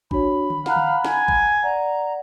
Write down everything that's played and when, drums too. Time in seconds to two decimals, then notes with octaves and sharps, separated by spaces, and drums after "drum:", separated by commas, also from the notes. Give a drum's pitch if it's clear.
0.11 D4 F#4 C#5 B5, drum: kick A1
0.50 drum: tom D3
0.66 F5 F#5 A#5 F#6, drum: snare
0.76 drum: tom D3
1.05 G#5, drum: snare
1.28 drum: kick A1
1.63 D5 F#5 A#5